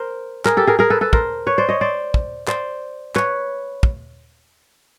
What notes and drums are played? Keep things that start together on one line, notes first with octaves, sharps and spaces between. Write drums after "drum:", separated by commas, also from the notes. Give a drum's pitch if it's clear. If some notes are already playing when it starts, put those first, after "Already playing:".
Already playing: A#4 C5
G#4 A#4, drum: clap
G4 A4
G#4 A#4
G#4 A#4
A4 B4
A4 B4
A#4 C5, drum: kick
B4 C#5
C5 D5
C#5 D#5
C5 D5
drum: kick
C5 D5, drum: clap
B4 C#5, drum: clap
drum: kick